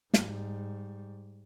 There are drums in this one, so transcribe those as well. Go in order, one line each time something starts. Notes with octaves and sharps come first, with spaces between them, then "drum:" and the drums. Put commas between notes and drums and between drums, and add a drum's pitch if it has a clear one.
G#2 G3, drum: snare